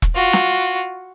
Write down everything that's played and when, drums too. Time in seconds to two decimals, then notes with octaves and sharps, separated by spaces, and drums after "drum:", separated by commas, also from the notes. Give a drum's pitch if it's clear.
0.02 drum: kick E1
0.15 F4 F#4
0.33 drum: snare